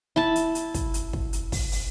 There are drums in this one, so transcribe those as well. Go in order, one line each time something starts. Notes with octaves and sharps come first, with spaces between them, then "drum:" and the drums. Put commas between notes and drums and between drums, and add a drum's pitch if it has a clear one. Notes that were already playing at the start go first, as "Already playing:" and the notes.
E4 A5, drum: snare
drum: hi-hat
drum: hi-hat
drum: kick, hi-hat
drum: hi-hat
drum: kick
drum: hi-hat
drum: kick, open hi-hat
drum: open hi-hat